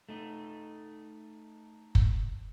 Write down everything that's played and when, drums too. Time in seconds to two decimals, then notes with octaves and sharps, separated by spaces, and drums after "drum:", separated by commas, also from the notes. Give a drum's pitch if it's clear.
0.09 A3 D#4
1.95 drum: kick